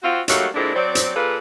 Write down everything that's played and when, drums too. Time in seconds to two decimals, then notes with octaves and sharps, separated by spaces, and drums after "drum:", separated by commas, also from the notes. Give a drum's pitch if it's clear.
0.03 C4 F4 F#4
0.28 F#3 G3 A3 A#3 D#4 F#4, drum: hi-hat
0.54 A#2 D3 G#3 C4 D4 E4
0.75 F#3 C4 D5
0.95 drum: hi-hat
1.15 A#2 G#4 A4 B4 F5